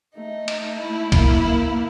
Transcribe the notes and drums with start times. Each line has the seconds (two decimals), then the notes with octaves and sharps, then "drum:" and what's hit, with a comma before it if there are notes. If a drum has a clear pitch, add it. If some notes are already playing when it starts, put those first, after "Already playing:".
0.16 A3 D#4
0.48 A3, drum: cymbal
0.80 E4
1.12 A#3 E4, drum: kick, cymbal
1.45 A#3